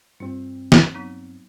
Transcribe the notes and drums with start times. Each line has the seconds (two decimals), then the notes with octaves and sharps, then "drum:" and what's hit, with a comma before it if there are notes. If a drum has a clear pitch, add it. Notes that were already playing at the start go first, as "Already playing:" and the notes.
0.20 G2 C4 F4
0.72 drum: snare
0.94 F#3 B3 D#4